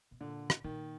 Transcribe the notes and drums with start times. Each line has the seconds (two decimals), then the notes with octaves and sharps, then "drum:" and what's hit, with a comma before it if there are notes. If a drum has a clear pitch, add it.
0.11 B2
0.21 A#2 D3
0.50 drum: rim click
0.64 A#2 D#3